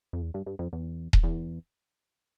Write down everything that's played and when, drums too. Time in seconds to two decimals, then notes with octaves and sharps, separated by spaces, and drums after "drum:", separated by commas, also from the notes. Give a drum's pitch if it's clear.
0.13 F2
0.22 E2
0.34 G2
0.46 G2
0.59 F2
0.73 E2
1.13 drum: kick D#1
1.24 E2